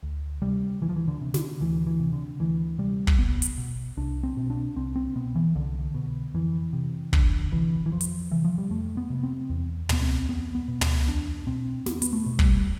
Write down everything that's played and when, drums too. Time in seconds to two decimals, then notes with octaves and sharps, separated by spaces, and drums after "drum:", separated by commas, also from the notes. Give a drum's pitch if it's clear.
0.03 D2
0.42 C3 G3
0.81 D2 E3
0.89 F3
0.96 E3
1.08 D3
1.21 C3
1.34 D3, drum: snare
1.61 D2 E3
1.87 E3
2.00 C3
2.13 D3
2.40 D2 E3
2.78 C3 G3
3.07 drum: kick
3.18 C2 B3
3.42 drum: hi-hat
3.58 B2
3.97 C2 D4
4.23 C4
4.37 B2
4.50 D4
4.76 C2 C4
4.96 C4
5.15 B2 B3
5.35 E3
5.55 C2 D3
5.94 B2
6.34 F2 E3
6.73 C3
7.13 F2 D3, drum: kick
7.52 C3 E3
7.86 E3
7.91 F2 F3
8.01 drum: hi-hat
8.31 C3 E3
8.45 F3
8.58 G3
8.70 F2 A3
8.97 B3
9.10 C3
9.23 C4
9.50 E2
9.89 B2 B3, drum: tom
10.02 C4
10.29 E2 B3
10.55 B3
10.68 B2
10.81 B3, drum: tom
11.07 E2 D4
11.47 B2 C4
11.86 E2 B3, drum: snare
12.02 B3, drum: hi-hat
12.13 A3
12.26 B2
12.39 G3, drum: kick